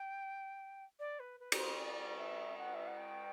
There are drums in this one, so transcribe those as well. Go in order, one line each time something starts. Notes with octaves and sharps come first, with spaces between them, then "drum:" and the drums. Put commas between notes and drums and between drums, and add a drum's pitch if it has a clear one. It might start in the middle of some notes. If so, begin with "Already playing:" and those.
Already playing: G5
D5
B4
B4
D5, drum: cymbal
C5
D5
E5
F#5
E5
F#5
G5